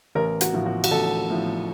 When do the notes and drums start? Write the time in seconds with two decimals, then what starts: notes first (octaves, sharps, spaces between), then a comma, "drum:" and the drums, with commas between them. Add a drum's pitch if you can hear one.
0.15 A1 A#4
0.41 F#4, drum: hi-hat
0.53 A2 F3
0.66 F#4
0.84 F#4, drum: cymbal
0.91 A1 A4
1.30 A2 F3